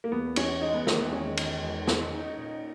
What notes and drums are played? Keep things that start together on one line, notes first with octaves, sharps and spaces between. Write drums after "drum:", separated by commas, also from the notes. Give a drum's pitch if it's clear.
A#3
E2 B3
E2 C#4, drum: cymbal
G#3 D#4
B3
D#3 A#3, drum: snare
B3
E2 C#4
D#3, drum: cymbal
E2
E2, drum: snare
D#4
A#2